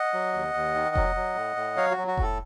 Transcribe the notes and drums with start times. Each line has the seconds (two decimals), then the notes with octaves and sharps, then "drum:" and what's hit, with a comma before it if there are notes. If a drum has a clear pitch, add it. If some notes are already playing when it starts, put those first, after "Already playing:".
Already playing: D#5 F#5
0.13 F#3
0.33 D#2
0.54 D#2
0.75 D#3
0.95 F#3, drum: kick F1
1.15 F#3
1.35 A2
1.56 A2
1.76 F#3 C#5 F5
1.91 F#4
1.97 F#3
2.07 F#4
2.17 A2 A4, drum: kick F1